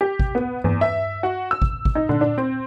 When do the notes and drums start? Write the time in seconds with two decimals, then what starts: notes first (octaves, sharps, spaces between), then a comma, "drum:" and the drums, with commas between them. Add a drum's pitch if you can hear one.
0.01 G4
0.19 drum: kick G#1
0.35 B3
0.64 E2, drum: tom G2
0.81 E5
1.23 F#4
1.51 E6
1.62 drum: kick G#1
1.85 drum: kick G#1
1.95 D#4
2.09 D3, drum: tom A#2
2.21 D4
2.38 C4